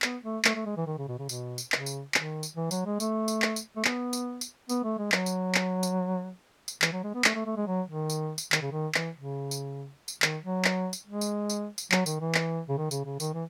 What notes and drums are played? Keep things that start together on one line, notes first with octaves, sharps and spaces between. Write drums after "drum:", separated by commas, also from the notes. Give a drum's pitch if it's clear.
B3, drum: clap
A3
A3, drum: clap
A3
G#3
E3
D#3
C#3
B2
C#3
B2, drum: tambourine
drum: tambourine
C#3, drum: clap
drum: tambourine
D#3, drum: clap
drum: tambourine
E3
F#3, drum: tambourine
G#3
A3, drum: tambourine
drum: tambourine
drum: clap
drum: tambourine
A3
B3, drum: clap
drum: tambourine
drum: tambourine
B3, drum: tambourine
A3
G#3
F#3, drum: clap
drum: tambourine
drum: clap
drum: tambourine
drum: tambourine
E3, drum: clap
F#3
G#3
B3
A3, drum: clap
A3
A3
G#3
F#3
D#3
drum: tambourine
drum: tambourine
D#3, drum: clap
C#3
D#3
E3, drum: clap
C#3
drum: tambourine
drum: tambourine
D#3, drum: clap
F#3
drum: clap
drum: tambourine
G#3
drum: tambourine
drum: tambourine
drum: tambourine
F#3, drum: clap
D#3, drum: tambourine
E3
drum: clap
C#3
D#3
C#3, drum: tambourine
C#3
D#3, drum: tambourine
E3